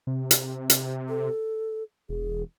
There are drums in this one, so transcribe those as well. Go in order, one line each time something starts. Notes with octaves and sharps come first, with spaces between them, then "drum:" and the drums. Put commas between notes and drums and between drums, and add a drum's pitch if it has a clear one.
C3
drum: hi-hat
drum: hi-hat
A4
E1 G#4